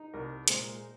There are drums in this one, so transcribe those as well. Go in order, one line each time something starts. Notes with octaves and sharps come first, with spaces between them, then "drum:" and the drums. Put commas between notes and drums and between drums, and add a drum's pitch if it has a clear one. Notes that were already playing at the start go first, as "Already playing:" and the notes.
Already playing: D#4
C2 A#4
A#2 G#3 C5, drum: hi-hat